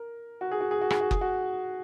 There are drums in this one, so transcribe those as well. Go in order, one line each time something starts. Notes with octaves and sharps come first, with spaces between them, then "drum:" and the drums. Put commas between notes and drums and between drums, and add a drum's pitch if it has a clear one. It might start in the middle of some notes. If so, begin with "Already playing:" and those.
Already playing: A#4
F#4
G#4
F#4
G#4
F#4
G#4, drum: rim click
F#4
G#4, drum: kick F#1
F#4